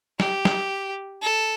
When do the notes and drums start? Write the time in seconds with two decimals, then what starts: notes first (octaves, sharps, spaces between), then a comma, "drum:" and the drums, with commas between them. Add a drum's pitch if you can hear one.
0.20 G4, drum: snare
0.45 drum: snare
1.22 A4